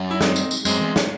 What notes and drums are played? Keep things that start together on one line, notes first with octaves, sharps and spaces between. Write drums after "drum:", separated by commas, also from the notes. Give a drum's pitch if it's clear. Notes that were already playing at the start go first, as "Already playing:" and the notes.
Already playing: F#2
E4
C4 D#4, drum: snare
drum: tambourine
drum: tambourine
F#2 G#3 C4, drum: tambourine
E2
drum: snare